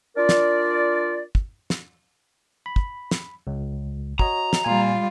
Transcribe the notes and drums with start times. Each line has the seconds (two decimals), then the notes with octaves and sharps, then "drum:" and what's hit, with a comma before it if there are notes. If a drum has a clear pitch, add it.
0.17 D4 F4 A#4 D5
0.29 drum: snare
1.35 drum: kick
1.70 drum: snare
2.66 B5
2.76 drum: kick
3.11 drum: snare
3.47 C#2
4.19 F#4 C#5 D#5 A#5, drum: kick
4.53 drum: snare
4.65 A#2 G3 F4 G#5